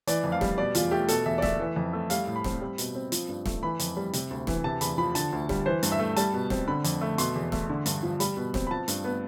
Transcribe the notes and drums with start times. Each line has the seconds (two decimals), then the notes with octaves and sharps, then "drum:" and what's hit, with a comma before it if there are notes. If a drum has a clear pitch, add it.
0.07 E3 D5, drum: hi-hat
0.24 F2
0.32 F5
0.41 G3, drum: snare
0.58 B2 D5
0.75 E2 F4, drum: hi-hat
0.91 A3 G4
1.08 B2 A4, drum: hi-hat
1.26 E2 E5
1.38 D5
1.42 A3 E5, drum: snare
1.60 E3
1.76 F2
1.93 A3
2.10 G3 F5, drum: hi-hat
2.27 A2
2.36 B5
2.44 C4, drum: snare
2.61 G3
2.78 B2, drum: hi-hat
2.95 C4
3.12 F3, drum: hi-hat
3.29 G2
3.46 A3, drum: snare
3.63 E3 B5
3.79 F2, drum: hi-hat
3.97 G3
4.13 C3, drum: hi-hat
4.31 D2
4.47 E3, drum: snare
4.64 C3 A5
4.81 E2 B5, drum: hi-hat
4.98 F3 B5
5.15 D3 A5, drum: hi-hat
5.32 D2
5.49 G3, drum: snare
5.66 E3 C5
5.83 G2, drum: hi-hat
5.92 E5
5.99 A3
6.16 G3 A5, drum: hi-hat
6.34 B2
6.50 C4, drum: snare
6.67 D3 B5
6.84 F2, drum: hi-hat
7.01 A3
7.18 B2 C6, drum: hi-hat
7.35 E2
7.52 A3, drum: snare
7.69 D3
7.86 G2, drum: hi-hat
8.03 F3
8.20 G3 B5, drum: hi-hat
8.37 B2
8.54 C4, drum: snare
8.67 B5
8.71 F3 A5
8.88 G2, drum: hi-hat
9.04 B3